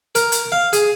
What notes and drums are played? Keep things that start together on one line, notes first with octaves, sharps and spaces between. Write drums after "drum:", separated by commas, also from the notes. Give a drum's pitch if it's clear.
A#4, drum: hi-hat
drum: hi-hat
F5
G#4, drum: hi-hat